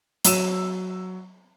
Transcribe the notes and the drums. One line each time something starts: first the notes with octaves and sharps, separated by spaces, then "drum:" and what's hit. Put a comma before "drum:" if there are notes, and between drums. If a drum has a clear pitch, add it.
F#3 E6 D#7 E7, drum: hi-hat